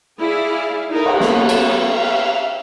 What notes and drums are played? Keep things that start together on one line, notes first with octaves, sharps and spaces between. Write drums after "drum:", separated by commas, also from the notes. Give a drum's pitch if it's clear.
E4 G#4 D5 F5
D#4 E4 A4 A#4
drum: cymbal
F#3 A#3 B3 C#4 A4, drum: snare
drum: cymbal
E5 F5